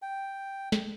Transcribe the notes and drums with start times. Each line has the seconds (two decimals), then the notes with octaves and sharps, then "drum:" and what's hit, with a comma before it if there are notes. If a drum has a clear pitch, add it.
0.02 G5
0.72 drum: snare